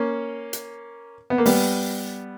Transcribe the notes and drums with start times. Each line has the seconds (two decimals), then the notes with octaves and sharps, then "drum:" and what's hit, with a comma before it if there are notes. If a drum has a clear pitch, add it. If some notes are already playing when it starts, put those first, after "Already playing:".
Already playing: A#3 C#4
0.53 drum: hi-hat
1.30 B3
1.38 A#3
1.46 G3 B3, drum: open hi-hat